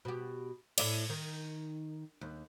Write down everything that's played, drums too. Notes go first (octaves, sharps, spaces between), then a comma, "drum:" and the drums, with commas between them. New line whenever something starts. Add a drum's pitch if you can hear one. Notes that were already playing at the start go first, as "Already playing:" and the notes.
B2 G4
A2 E4 D5, drum: cymbal
D#3
D#2